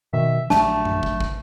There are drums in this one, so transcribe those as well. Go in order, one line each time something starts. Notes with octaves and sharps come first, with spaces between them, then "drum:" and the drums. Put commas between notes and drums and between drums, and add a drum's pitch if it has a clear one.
B2 D#3 E5
A#1 F#3 A3 D4 A5, drum: snare
drum: tom F#2
drum: kick
drum: kick